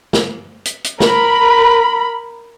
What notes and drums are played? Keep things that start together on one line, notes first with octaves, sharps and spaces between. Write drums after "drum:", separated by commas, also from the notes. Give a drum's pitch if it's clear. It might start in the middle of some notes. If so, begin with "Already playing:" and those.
drum: snare
drum: hi-hat
drum: hi-hat
A#4 B5, drum: snare